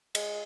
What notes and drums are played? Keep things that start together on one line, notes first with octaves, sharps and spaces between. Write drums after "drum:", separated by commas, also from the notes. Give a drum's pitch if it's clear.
G#3, drum: cymbal